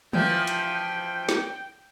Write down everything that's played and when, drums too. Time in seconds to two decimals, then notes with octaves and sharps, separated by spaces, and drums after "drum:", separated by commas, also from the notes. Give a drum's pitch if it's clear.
0.13 E3 F3 G5, drum: tom D3
0.47 drum: hi-hat
1.29 drum: snare